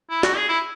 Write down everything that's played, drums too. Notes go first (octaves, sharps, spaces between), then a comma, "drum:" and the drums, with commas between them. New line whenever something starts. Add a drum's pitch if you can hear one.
E4
F#4, drum: snare
G#4
E4